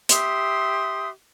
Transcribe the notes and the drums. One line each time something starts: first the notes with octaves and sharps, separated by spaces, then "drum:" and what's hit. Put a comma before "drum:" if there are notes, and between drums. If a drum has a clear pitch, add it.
G4 E5 C6 D#6, drum: hi-hat